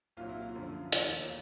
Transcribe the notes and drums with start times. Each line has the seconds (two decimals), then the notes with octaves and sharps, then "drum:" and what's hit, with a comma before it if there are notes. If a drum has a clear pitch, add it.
0.17 C2 A#2 F#3 F4
0.29 E4
0.42 F4
0.55 F#2 D3 F3 A3
0.93 E1 D#2 D#3, drum: hi-hat